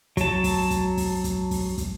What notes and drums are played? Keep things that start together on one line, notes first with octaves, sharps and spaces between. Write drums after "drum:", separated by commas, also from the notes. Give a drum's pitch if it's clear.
F#3 A5, drum: kick, hi-hat
drum: kick, open hi-hat
drum: kick, hi-hat
drum: kick, open hi-hat
drum: kick, hi-hat
drum: kick, open hi-hat
drum: kick, hi-hat